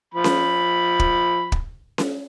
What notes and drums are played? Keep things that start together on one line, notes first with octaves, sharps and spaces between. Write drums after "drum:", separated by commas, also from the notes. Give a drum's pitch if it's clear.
F3 B5
drum: snare C#4
drum: kick
drum: kick
drum: snare C#4